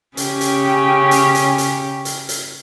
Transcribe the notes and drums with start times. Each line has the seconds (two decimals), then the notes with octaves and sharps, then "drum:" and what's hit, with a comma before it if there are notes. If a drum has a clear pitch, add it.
0.17 C#3 C#4 G4, drum: hi-hat
0.41 drum: hi-hat
1.11 drum: hi-hat
1.35 drum: hi-hat
1.58 drum: hi-hat
2.05 drum: hi-hat
2.29 drum: hi-hat